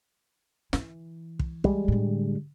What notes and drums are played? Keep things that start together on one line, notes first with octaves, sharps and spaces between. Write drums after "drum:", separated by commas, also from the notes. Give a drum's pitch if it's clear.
E3 E4, drum: snare
drum: kick
G3 G#3, drum: kick
A2 D3